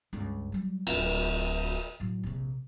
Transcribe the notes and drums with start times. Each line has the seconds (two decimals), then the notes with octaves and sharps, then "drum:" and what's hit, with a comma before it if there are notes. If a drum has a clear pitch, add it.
0.13 C#2 G2
0.52 F#3 G3
0.87 D1 D4, drum: cymbal
2.00 A2 F#3
2.23 A#1 C3